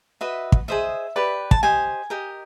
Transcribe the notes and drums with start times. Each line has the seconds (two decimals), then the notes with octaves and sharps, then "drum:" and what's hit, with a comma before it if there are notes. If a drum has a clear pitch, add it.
0.21 F#4 B4 D#5 E5
0.52 drum: kick
0.68 G#4 C5 D#5 E5
1.16 G4 B4 D5
1.51 A5, drum: kick
1.63 G4 C5 D#5 G#5
2.10 G4 A#4 D#5